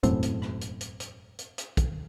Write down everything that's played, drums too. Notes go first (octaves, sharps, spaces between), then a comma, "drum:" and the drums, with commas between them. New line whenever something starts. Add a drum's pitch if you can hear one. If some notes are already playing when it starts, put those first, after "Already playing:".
E1 F#2 A2 C4, drum: hi-hat
drum: hi-hat
drum: rim click
drum: hi-hat
drum: hi-hat
drum: hi-hat
drum: hi-hat
drum: hi-hat
drum: kick, hi-hat